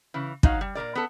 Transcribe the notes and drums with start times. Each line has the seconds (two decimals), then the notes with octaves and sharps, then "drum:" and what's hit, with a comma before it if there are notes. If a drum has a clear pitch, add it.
0.14 C#3 E3
0.43 F#3 D#4 F#4 F5, drum: kick
0.61 G3
0.75 A#2 G3 A#4 D5
0.95 B3 A4